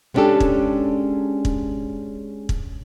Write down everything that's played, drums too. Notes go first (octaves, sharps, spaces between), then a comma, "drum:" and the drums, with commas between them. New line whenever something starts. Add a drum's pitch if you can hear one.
G#3 B3 C#4 D4 G4 A4
drum: kick
drum: kick
drum: kick